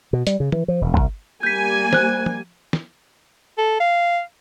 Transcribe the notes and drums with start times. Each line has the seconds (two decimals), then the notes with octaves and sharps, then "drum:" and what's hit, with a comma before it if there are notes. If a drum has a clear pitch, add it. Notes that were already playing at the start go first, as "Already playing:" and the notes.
0.13 B2
0.27 G3, drum: hi-hat
0.40 C#3
0.52 E3, drum: tom
0.68 F3
0.81 E1
0.97 C2, drum: kick G1
1.43 G3 A#3 G#5 G6 B6
1.93 C5 F#6, drum: snare
2.26 drum: tom
2.73 drum: snare
3.58 A4
3.80 F5